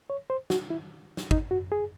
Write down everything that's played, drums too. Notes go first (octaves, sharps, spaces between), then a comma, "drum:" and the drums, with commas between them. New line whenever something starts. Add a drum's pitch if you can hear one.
C#5
C5
F#4, drum: snare
E4
drum: snare
D#4, drum: kick
F#4
G#4